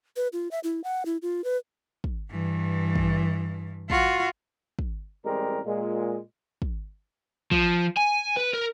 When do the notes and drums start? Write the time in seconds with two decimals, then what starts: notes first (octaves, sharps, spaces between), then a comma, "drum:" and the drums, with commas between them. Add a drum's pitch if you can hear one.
0.16 B4
0.33 F4
0.51 E5
0.64 E4
0.84 F#5
1.06 E4
1.22 F4
1.44 B4
2.04 drum: kick
2.31 G2 E3
2.96 drum: kick
3.90 F4 F#4, drum: kick
4.79 drum: kick
5.24 A1 G3 G#3 C4 A#4
5.65 A#2 G#3
6.62 drum: kick
7.52 F3, drum: kick
7.97 G#5
8.37 B4
8.54 A#4